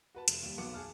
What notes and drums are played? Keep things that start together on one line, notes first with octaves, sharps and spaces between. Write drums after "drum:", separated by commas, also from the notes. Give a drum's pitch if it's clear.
F#4 B4 A5
F1, drum: hi-hat
D#2 G3
B1 F#3 B3 D6 C#7
G#4 A5 F6